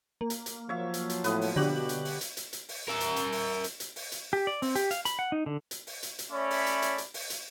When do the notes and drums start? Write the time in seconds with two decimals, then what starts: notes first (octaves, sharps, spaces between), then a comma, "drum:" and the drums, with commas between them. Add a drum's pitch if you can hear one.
0.21 A#3
0.30 drum: hi-hat
0.46 drum: hi-hat
0.69 F3 F#3 C#5 E5 F5
0.94 drum: hi-hat
1.10 drum: hi-hat
1.24 A2 B3 B4, drum: hi-hat
1.41 drum: open hi-hat
1.56 B2 D3 G3 F#4 G4 F#7
1.89 drum: hi-hat
2.05 drum: open hi-hat
2.21 drum: hi-hat
2.37 drum: hi-hat
2.53 drum: hi-hat
2.69 drum: open hi-hat
2.88 A#4 E5
3.00 drum: hi-hat
3.16 drum: hi-hat
3.32 drum: open hi-hat
3.64 drum: hi-hat
3.80 drum: hi-hat
3.96 drum: open hi-hat
4.12 drum: hi-hat
4.33 G4
4.47 D5
4.62 C4, drum: open hi-hat
4.75 G4, drum: hi-hat
4.91 F5, drum: hi-hat
5.05 B5, drum: hi-hat
5.19 F#5
5.32 D#4
5.46 D3
5.71 drum: hi-hat
5.87 drum: open hi-hat
6.03 drum: hi-hat
6.19 drum: hi-hat
6.31 A3 C#4 C#5 D5 E5 B5
6.50 drum: open hi-hat
6.66 drum: hi-hat
6.82 drum: hi-hat
6.98 drum: hi-hat
7.14 drum: open hi-hat
7.30 drum: hi-hat